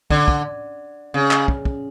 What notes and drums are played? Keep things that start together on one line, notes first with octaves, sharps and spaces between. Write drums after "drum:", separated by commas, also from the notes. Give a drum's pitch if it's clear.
D3, drum: kick
drum: kick
C#3
drum: clap
drum: kick
drum: kick